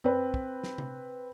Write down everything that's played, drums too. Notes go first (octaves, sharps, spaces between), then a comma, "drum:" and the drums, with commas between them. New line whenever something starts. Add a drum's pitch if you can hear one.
C4 B4, drum: tom F#2
drum: kick
drum: snare
drum: tom C3